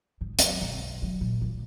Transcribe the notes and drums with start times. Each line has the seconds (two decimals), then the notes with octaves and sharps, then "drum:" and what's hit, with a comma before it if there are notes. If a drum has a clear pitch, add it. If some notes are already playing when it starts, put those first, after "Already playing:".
0.21 G#2
0.39 F#2, drum: hi-hat
0.61 B1
1.02 F#3
1.21 A#2
1.41 D#2